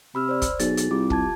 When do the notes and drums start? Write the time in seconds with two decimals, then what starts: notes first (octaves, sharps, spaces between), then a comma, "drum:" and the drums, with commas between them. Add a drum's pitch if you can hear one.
0.15 C3 B5 E6 F6
0.29 C5 D5
0.42 drum: kick, hi-hat
0.59 B1 G#4 A6, drum: hi-hat
0.77 drum: hi-hat
0.91 C2 F4 G4 D6
1.10 F4 A5 G#6, drum: kick